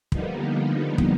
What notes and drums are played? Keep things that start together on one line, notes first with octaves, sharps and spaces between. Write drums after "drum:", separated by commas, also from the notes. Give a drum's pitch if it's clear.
D3 F3 G3 A#3 B3 D#4, drum: kick
drum: kick